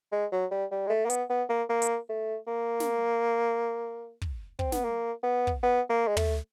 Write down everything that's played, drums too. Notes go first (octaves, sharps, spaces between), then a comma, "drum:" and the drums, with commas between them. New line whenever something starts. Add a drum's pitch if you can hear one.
G#3
F#3
G3
G3
G#3
A3
A#3
B3, drum: hi-hat
B3
A#3
A#3
drum: hi-hat
A3
A#3
drum: snare
drum: kick
C4, drum: kick
B3, drum: snare
A#3
B3
drum: kick
B3
A#3
G#3
A3, drum: tom